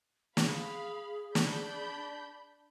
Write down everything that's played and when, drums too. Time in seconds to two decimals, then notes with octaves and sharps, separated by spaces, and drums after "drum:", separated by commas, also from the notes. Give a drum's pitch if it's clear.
0.37 G#4 F5 B5, drum: snare
1.35 D4 B5 G6, drum: snare